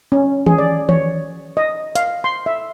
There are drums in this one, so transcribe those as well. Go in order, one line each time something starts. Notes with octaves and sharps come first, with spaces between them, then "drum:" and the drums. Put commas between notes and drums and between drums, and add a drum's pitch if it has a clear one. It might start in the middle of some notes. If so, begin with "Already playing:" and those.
C#4
G#4, drum: tom D#3
D5
C#5, drum: tom D#3
D#5
F5, drum: hi-hat
C6
E5